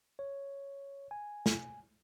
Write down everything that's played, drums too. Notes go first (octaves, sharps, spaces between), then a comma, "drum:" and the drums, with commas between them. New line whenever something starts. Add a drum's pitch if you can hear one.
C#5
G#5
drum: snare